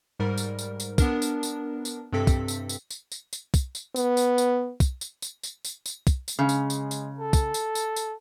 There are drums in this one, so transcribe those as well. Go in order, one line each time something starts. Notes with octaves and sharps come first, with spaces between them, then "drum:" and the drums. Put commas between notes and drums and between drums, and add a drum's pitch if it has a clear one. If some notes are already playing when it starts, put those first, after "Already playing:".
G#2 G3 A#4
drum: tambourine
drum: tambourine
drum: tambourine
B3 D4 A#4, drum: kick, tambourine
drum: tambourine
drum: tambourine
drum: tambourine
G2 C3 C4 A4 B6
drum: kick, tambourine
drum: tambourine
drum: tambourine
drum: tambourine
drum: tambourine
drum: tambourine
drum: kick, tambourine
drum: tambourine
B3, drum: tambourine
drum: tambourine
drum: tambourine
drum: kick, tambourine
drum: tambourine
drum: tambourine
drum: tambourine
drum: tambourine
drum: tambourine
drum: kick, tambourine
drum: tambourine
C#3 G#3
drum: tambourine
drum: tambourine
drum: tambourine
A4
drum: kick, tambourine
drum: tambourine
drum: tambourine
drum: tambourine